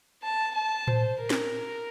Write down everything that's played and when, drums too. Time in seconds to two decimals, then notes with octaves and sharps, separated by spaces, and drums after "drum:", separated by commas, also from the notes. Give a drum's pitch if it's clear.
0.23 A5
0.54 A5
0.87 C5, drum: tom A2
1.20 A#4
1.30 drum: snare